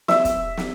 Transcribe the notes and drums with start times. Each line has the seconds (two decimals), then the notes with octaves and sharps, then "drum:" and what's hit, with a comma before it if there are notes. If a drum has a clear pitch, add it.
0.08 E5, drum: snare
0.25 drum: kick, hi-hat
0.57 drum: snare